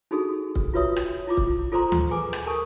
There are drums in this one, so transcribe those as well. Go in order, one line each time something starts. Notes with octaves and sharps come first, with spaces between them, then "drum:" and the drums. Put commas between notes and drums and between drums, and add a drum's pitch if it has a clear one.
D4 D#4 F#4 G#4 A4
drum: kick C#1
F4 F#4 B4 C#5 E5 D#6
drum: rim click
E4 F4 D6
drum: kick C#1
F4 A4 C5 D5 A#5 C6
drum: tom D2
G#4 B4 G#5 D6
drum: rim click
A4 A#4 G#5 A5 C#6 D#6